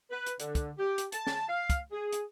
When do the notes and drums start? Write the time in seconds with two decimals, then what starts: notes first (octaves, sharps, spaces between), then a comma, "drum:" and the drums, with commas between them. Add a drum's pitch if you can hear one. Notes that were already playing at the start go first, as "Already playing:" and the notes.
0.11 B4
0.26 drum: hi-hat
0.40 D3, drum: hi-hat
0.55 drum: kick, hi-hat
0.78 G4
0.98 drum: hi-hat
1.12 A5, drum: hi-hat
1.27 drum: snare
1.48 F5
1.70 drum: kick, hi-hat
1.92 G#4
2.13 drum: hi-hat